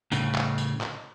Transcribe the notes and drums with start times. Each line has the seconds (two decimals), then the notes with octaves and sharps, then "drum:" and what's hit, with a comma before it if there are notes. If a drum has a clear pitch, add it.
0.12 A2 C#3, drum: tambourine
0.35 drum: clap
0.58 drum: tambourine
0.81 drum: clap